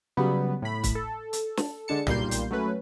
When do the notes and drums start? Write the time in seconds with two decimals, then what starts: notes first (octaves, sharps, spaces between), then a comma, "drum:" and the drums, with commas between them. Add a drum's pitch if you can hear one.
0.17 C#3 F#3 G3 B3 B4
0.62 A2 B5
0.84 drum: kick, hi-hat
0.95 A4
1.33 drum: hi-hat
1.57 drum: snare
1.88 D3 G#3 D4 A5 C#7
2.07 B1 A#2 G3 A#3 C6 G6, drum: tom
2.31 drum: hi-hat
2.51 F#3 A3 C#4 B4